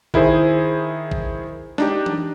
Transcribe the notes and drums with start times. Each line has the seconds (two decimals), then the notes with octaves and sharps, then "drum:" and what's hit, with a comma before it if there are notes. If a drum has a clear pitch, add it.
0.14 D#3 E4 G#4 C5, drum: kick A1
1.11 drum: kick A1
1.78 D4 D#4 G4, drum: snare
2.06 drum: tom E3